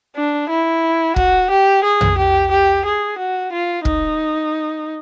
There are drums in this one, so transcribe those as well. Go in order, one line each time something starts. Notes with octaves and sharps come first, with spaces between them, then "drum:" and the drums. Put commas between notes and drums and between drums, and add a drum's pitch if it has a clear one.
D4
E4
F#4, drum: kick
G4
G#4
drum: tom
G4
G4
G#4
F#4
F4
D#4, drum: kick